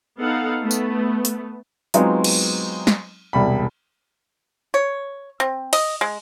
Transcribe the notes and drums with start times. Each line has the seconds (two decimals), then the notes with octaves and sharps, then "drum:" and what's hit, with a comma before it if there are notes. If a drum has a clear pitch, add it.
0.19 B3 D#4 A4 F5 F#5
0.61 A3 B3
0.71 drum: tambourine
1.25 drum: hi-hat
1.94 F#3 G#3 B3 C4 D#4 F4, drum: hi-hat
2.24 drum: cymbal
2.87 drum: snare
3.33 E1 C2 G3 B5
4.74 C#5
5.40 C4
5.73 D#5, drum: cymbal
6.01 G#3